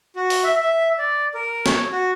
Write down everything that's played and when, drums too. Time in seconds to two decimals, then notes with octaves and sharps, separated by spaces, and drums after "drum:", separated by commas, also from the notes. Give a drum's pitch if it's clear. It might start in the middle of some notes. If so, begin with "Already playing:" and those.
0.16 F#4
0.30 drum: open hi-hat
0.44 E5
0.61 E5
0.98 D5
1.34 A#4
1.66 C#5, drum: snare
1.92 F#4